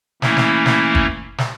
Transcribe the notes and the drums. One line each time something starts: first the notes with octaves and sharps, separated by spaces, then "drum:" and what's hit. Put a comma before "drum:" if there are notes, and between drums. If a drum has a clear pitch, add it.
E3 A3 A#3 C#4 E4, drum: snare
drum: snare
drum: snare
drum: kick
drum: snare